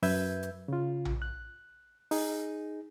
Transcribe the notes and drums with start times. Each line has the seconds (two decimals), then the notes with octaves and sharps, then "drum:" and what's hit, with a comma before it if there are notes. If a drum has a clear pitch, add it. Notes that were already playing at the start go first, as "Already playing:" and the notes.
0.03 F#2 B4 E5 G6 G#6, drum: open hi-hat
0.43 drum: hi-hat
0.68 C#3 F4
1.05 drum: tom A#1
1.22 F#6
2.11 D#4 G#4, drum: open hi-hat